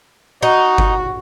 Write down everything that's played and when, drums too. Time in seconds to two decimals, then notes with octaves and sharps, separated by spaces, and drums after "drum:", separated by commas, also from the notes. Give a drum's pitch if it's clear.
0.43 D#4 F#4
0.78 drum: kick G1